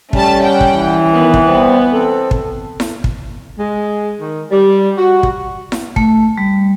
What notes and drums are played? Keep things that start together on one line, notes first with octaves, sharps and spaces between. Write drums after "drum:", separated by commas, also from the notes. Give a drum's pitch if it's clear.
G3 A3 C#4 A5, drum: kick
F#5 G5
drum: kick
E3
D#3 B3
drum: kick
G3 B3 C4
C4 A4
drum: kick
drum: snare E4
drum: kick
G#3
D#3
G3
F#4
drum: kick
drum: snare E4
A3, drum: kick
G3